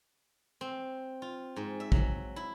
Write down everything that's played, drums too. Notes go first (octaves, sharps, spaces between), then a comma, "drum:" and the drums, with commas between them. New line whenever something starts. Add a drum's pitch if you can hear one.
C4
F4
G#2
E5
F#3, drum: kick
E4